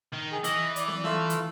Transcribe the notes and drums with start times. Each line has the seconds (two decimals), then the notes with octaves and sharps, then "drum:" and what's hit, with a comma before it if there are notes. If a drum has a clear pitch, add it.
0.14 D#3
0.32 G#4
0.44 E3 D#5 D#6, drum: hi-hat
0.76 D5, drum: hi-hat
0.88 drum: snare
1.04 A3 F4 E6, drum: snare
1.30 drum: hi-hat